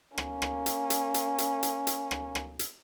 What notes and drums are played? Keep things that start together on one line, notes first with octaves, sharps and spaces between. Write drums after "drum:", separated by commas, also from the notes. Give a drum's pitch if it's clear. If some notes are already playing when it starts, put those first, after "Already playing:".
A#3 C#4, drum: rim click
drum: rim click
drum: hi-hat
drum: hi-hat
drum: hi-hat
drum: hi-hat
drum: hi-hat
drum: hi-hat
drum: rim click
drum: rim click
drum: hi-hat